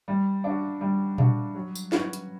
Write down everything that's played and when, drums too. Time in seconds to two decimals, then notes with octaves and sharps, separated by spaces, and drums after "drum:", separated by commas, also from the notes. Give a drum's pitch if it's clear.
0.08 G3
0.44 D4 F#4
0.81 G3
1.18 D4 F#4, drum: tom A#2
1.55 F#3
1.75 drum: tambourine
1.92 C#4 F#4 B4, drum: snare
2.13 drum: hi-hat